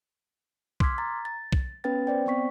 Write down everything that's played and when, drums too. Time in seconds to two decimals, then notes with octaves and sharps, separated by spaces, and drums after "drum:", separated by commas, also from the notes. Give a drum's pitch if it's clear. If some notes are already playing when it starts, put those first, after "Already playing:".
0.80 C6 D6 E6 F6 G#6 B6, drum: kick
0.98 A#5 A6
1.25 A6
1.53 drum: kick
1.84 B3 C#4 B4 G5 A6
2.07 C5 D5 G5
2.26 B3 C4 C#6 B6